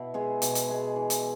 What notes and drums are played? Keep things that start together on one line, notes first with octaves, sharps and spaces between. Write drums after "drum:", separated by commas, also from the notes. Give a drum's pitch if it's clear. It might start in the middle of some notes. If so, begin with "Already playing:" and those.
Already playing: B2 E4
G#3 B3 G#4
B2, drum: hi-hat
drum: hi-hat
G#3 B3 G#4
E3
drum: hi-hat